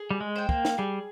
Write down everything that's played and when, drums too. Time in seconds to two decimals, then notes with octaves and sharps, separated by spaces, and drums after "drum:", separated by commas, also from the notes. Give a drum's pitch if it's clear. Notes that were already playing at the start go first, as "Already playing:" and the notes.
Already playing: G#4
0.11 G3
0.21 G#3
0.36 C5 G5
0.49 A#3, drum: kick
0.65 drum: snare
0.78 G3 G#4